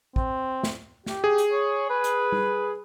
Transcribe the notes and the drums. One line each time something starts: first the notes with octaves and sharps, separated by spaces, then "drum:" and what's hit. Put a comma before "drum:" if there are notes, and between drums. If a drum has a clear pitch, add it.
C4, drum: kick
drum: snare
G4, drum: snare
G#4
drum: hi-hat
C#5
B4
drum: hi-hat
drum: tom G3